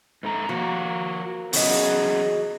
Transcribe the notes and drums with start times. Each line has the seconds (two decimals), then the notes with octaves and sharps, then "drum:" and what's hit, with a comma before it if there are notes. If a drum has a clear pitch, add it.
0.23 G#2 A3 A#5
0.49 F3 A#3 F#4
1.53 E2 C#3 F#3 F#4 G#4 D#5, drum: open hi-hat